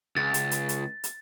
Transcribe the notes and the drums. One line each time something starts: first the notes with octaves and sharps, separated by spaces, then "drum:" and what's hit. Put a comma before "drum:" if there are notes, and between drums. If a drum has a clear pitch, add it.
C#2 A6
drum: hi-hat
drum: hi-hat
drum: hi-hat
drum: hi-hat